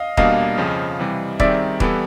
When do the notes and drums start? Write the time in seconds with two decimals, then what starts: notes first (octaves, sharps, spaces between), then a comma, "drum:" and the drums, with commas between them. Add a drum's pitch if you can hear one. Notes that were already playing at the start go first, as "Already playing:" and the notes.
Already playing: D#5 F5
0.17 B2 G3 A#3 D4 D#5 F5, drum: kick D#1
0.58 F2 C#3 F3
0.99 C3 E3 G3
1.40 D#3 G3 C4 D#4 G#4 D5 E5, drum: kick D#1
1.80 E3 G3 B3 E4 A4, drum: kick D#1